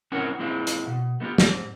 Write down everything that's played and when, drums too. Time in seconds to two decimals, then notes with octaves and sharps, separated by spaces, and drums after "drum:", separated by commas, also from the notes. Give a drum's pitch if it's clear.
0.12 C4 C#4 E4 A#4 C#5 F#5
0.39 E3 G#3 C4 E4 F4
0.67 drum: hi-hat
0.87 B2
1.20 A3 B3 C#4 F4 G4
1.38 G#2 C4, drum: snare